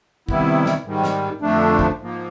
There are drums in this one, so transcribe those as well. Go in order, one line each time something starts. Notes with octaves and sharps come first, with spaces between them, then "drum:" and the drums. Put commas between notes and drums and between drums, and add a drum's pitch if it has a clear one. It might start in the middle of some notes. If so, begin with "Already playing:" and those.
C3 D#3 G3 B3 E4, drum: kick
drum: snare
G#2 D#3 G3
drum: snare
F2 D3 F3 A3 D4
drum: kick
G#2 F3 A#3